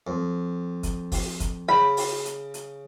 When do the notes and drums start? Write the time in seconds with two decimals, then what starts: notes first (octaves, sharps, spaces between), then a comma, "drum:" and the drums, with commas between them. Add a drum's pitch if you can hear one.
0.07 F2
0.83 drum: kick, hi-hat
1.12 drum: kick, open hi-hat
1.40 drum: kick, hi-hat
1.69 C#3 B5
1.97 drum: open hi-hat
2.25 drum: hi-hat
2.54 drum: hi-hat